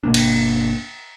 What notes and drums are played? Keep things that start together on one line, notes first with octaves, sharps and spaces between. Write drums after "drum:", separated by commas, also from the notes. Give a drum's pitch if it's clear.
G1 B2 A#3 D4
drum: cymbal